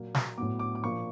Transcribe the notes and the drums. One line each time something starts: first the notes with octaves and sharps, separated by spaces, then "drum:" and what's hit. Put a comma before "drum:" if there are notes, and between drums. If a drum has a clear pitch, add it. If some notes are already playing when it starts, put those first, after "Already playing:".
Already playing: A#2 F#3 A#3
A#5, drum: snare
A2 F#3 B3 D6
D6
D6
A#2 F3 A#3 C#6